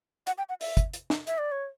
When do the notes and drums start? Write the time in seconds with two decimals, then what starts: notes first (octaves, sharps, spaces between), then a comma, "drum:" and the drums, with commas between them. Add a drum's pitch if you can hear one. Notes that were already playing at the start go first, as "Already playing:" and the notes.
0.27 F#5, drum: hi-hat
0.38 G5
0.49 F#5
0.61 E5, drum: open hi-hat
0.77 drum: kick, hi-hat
0.93 drum: hi-hat
1.10 drum: snare
1.27 E5, drum: hi-hat
1.38 D5
1.52 C#5